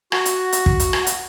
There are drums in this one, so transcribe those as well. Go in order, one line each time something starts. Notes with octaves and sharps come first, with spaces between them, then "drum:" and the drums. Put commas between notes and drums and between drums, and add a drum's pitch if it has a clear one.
F#4, drum: rim click
drum: hi-hat
drum: hi-hat
drum: kick
drum: hi-hat
drum: rim click
drum: hi-hat